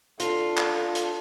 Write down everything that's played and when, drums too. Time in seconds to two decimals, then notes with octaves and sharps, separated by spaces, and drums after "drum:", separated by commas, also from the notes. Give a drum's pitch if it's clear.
0.20 D4 F4 A4, drum: hi-hat
0.57 drum: clap
0.95 drum: hi-hat